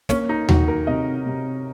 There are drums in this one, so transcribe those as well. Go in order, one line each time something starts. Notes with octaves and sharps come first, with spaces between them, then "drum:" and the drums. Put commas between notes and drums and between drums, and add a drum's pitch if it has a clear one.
A#3 C#4, drum: snare
D#4
D#3 F#4, drum: tom D#2
A#4
C3 D#5
C3